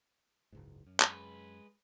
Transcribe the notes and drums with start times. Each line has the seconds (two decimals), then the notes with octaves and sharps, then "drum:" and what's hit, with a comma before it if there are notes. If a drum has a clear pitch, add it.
0.52 F#1 C#2 G#2
0.86 F#2
1.00 G#3 B4, drum: clap